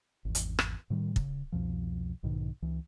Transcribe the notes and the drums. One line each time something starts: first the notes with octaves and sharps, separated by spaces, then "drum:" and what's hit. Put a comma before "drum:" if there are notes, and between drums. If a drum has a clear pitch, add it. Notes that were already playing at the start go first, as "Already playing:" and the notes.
G#1 E2
drum: hi-hat
drum: rim click
A2 D#3 G3
C#3, drum: kick
C2 F2 B2 F3
B1 G#2 B2 D#3
C#2 E3